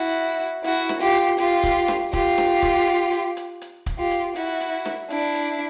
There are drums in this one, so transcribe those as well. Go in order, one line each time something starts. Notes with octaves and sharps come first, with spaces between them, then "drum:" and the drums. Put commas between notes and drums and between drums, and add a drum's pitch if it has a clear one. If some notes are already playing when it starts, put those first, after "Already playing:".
Already playing: E4 F#4
E4 F#4, drum: hi-hat
drum: snare
F4 G4
drum: hi-hat
F4 G4, drum: hi-hat
drum: kick, hi-hat
drum: snare
F4 G4, drum: kick, hi-hat
drum: snare
drum: kick, hi-hat
drum: hi-hat
drum: hi-hat
drum: hi-hat
drum: hi-hat
drum: kick, hi-hat
F4 G4
drum: hi-hat
E4 F#4, drum: hi-hat
drum: hi-hat
drum: snare
D4 E4, drum: hi-hat
drum: hi-hat